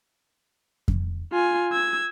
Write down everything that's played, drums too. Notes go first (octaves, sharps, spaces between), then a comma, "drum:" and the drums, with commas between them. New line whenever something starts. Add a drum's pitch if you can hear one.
drum: kick F2
F4 G#5
E6 G#6